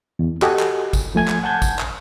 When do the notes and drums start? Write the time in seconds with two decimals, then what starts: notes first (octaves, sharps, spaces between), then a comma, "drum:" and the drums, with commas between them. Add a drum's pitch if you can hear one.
0.19 E2
0.42 F#4 G4 A4 D#5 G#5, drum: clap
0.59 drum: clap
0.93 drum: kick A1, tambourine
1.15 F3 A3 G#5 G#6
1.28 drum: clap
1.43 F#5 G#5 A5 G6 G#6
1.62 drum: kick A1, tambourine
1.79 drum: clap